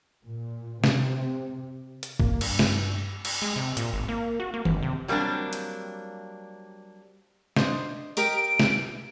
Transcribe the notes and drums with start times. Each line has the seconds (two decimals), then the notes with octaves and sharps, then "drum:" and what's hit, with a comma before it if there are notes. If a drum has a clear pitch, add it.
0.24 A#2
0.84 C3, drum: snare
2.03 drum: hi-hat
2.20 A#3, drum: kick A1
2.41 G2, drum: cymbal
2.59 drum: snare
3.25 drum: cymbal
3.42 G#3
3.56 C3
3.77 A#2, drum: hi-hat
3.93 G#1
4.08 A#3
4.40 F#4
4.54 A#3
4.65 G1, drum: tom D#3
4.82 C3
5.08 F#3 G3 A#3 C4 D4
5.53 drum: hi-hat
7.56 D4 C5 D#5, drum: snare
8.17 G4 A#4 D#5 D7, drum: tambourine
8.60 drum: snare